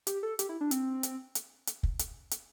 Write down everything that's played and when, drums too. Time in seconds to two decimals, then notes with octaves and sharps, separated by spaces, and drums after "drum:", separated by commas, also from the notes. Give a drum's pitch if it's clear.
0.07 G4, drum: hi-hat
0.23 A4
0.39 G4, drum: hi-hat
0.49 E4
0.61 D4
0.71 C4, drum: hi-hat
1.03 drum: hi-hat
1.35 drum: hi-hat
1.67 drum: hi-hat
1.83 drum: kick
1.99 drum: hi-hat
2.31 drum: hi-hat